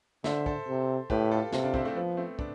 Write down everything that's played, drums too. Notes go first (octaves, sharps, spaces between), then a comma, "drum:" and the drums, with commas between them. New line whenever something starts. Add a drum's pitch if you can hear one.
D3 C5 E5, drum: snare
A4 C5, drum: kick
C3
A2 G4 B4, drum: kick
F4 A4
C3 F4 A4, drum: snare
D4 F4
C4 E4, drum: kick
A3 C4
F3 B3
A3 C4
B3 D4, drum: kick